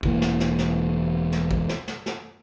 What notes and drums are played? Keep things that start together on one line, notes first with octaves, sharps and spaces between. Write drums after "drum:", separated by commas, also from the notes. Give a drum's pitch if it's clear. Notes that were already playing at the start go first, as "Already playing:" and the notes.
E1 E3 A#3, drum: kick
drum: snare
drum: snare
drum: snare
drum: snare
drum: kick
drum: snare
drum: snare
drum: snare